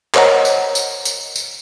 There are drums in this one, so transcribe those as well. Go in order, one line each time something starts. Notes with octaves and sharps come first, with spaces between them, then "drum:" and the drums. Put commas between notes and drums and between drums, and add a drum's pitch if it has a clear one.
A#4 C5 C#5 D#5 F#5 A#5, drum: clap
drum: tambourine
drum: tambourine
drum: tambourine
drum: tambourine